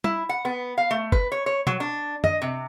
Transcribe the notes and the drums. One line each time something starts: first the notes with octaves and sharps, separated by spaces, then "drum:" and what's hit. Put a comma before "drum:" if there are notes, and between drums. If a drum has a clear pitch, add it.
E4, drum: tom
F#5
B3
F5
A3
B4, drum: kick G1
C#5
C#5
F#3, drum: tom B2
D4
D#5, drum: tom
C3